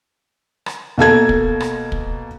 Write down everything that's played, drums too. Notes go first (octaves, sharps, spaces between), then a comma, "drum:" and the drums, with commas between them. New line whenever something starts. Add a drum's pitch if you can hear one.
drum: rim click
B2 A#3 A4 G#6
drum: kick
drum: rim click
drum: kick